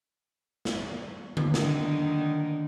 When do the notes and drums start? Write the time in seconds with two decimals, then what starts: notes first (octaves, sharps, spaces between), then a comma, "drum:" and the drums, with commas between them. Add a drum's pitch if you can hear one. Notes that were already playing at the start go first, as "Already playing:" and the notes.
0.65 drum: snare
1.37 drum: tom D3
1.54 D3 D#3, drum: snare